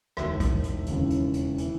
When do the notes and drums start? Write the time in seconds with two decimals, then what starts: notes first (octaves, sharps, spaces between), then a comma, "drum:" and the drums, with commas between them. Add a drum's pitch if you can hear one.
0.17 E1 D#2 D#3 E5, drum: rim click
0.40 drum: kick, hi-hat
0.64 drum: hi-hat
0.86 E1 D#2 C#3 E3, drum: hi-hat
1.10 drum: hi-hat
1.34 drum: hi-hat
1.58 E3, drum: hi-hat